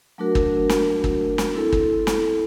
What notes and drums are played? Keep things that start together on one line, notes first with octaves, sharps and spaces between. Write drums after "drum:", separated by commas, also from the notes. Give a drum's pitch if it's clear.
F#3 A3 D4 F#4 A#4
drum: kick
drum: snare
drum: kick
drum: snare
C4 E4 A4
drum: kick
drum: snare